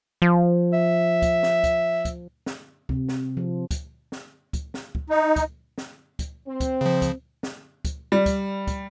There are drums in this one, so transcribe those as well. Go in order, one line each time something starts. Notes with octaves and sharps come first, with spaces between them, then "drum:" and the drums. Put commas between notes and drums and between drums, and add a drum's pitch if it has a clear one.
F3
E5
drum: kick, hi-hat
drum: snare
drum: kick, hi-hat
drum: kick, hi-hat
drum: snare
C3, drum: kick
drum: snare
F3
drum: kick, hi-hat
drum: snare
drum: kick, hi-hat
drum: snare
drum: kick
D#4
drum: kick, hi-hat
drum: snare
drum: kick, hi-hat
C4
drum: kick, hi-hat
C#3 F3
drum: kick, hi-hat
drum: snare
drum: kick, hi-hat
G3
drum: kick, hi-hat
drum: kick, hi-hat